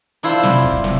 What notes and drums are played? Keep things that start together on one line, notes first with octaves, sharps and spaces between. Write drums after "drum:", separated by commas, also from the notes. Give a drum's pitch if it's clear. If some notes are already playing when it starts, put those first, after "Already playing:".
D4 E4 F4 C5
drum: snare
drum: kick
drum: snare